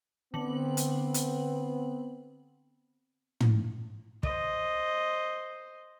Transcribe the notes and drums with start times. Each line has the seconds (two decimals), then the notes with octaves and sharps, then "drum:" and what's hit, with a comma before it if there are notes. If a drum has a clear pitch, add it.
0.34 D3 B3 C4 F#7
0.77 drum: hi-hat
1.14 drum: hi-hat
3.41 drum: tom
4.23 C5 D#5, drum: kick